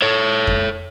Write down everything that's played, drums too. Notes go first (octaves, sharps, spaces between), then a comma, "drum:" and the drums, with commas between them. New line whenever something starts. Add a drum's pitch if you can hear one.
A4 C#5
drum: kick F2